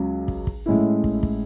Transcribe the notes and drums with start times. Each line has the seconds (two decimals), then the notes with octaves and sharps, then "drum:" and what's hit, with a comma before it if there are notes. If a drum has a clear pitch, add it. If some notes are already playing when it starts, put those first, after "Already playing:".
Already playing: C#2 C#3 F#3
0.28 drum: kick
0.47 drum: kick
0.66 A2 G#3 C#4 E4
1.04 drum: kick
1.23 drum: kick